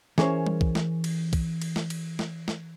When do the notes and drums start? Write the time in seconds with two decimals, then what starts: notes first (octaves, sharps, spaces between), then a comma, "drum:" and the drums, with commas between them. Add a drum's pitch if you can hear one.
0.18 E3 C#4 G#4 A#4 C5 C#5, drum: snare
0.47 drum: tom G3
0.61 drum: kick
0.75 drum: snare
1.04 drum: cymbal
1.33 drum: kick, cymbal
1.62 drum: cymbal
1.76 drum: snare
1.90 drum: cymbal
2.19 drum: snare
2.48 drum: snare